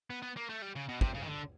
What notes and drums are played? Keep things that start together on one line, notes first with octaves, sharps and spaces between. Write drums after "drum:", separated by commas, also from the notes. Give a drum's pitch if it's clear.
B3
B3
A#3
A3
G3
C#3
B2
C3, drum: kick
C#3
D#3
D3